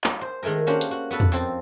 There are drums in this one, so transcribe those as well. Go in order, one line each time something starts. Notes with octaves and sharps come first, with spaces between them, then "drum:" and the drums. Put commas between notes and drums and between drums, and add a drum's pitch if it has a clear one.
drum: clap
C5
D#3 G#3 A3 G#4 A#4
A#3 C#4 D4 F#4 G4 C5
drum: hi-hat
F#4
B3 F#4 A4 B4
drum: tom E2
F2 C4 A4